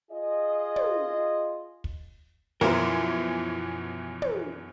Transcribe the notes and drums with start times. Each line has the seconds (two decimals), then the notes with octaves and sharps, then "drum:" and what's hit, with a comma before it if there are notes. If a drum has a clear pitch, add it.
0.11 F4 G#4 D#5
0.76 drum: tom
1.84 drum: kick
2.61 F#2 B2 E3 F3 E4 A#4
4.22 drum: tom